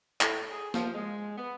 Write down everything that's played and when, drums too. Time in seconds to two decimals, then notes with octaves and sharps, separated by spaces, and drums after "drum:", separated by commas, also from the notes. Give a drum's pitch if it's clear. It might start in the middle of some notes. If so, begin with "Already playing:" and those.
0.21 A2, drum: clap
0.51 G#4
0.74 F3, drum: snare
0.95 G#3
1.37 B3